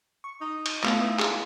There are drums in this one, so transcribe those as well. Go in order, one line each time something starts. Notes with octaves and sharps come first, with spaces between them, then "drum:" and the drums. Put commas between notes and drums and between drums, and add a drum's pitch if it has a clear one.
C#6
D#4
drum: cymbal
A3 B3 F4 A4 F5, drum: clap
D#4 E4
G#4 C6, drum: clap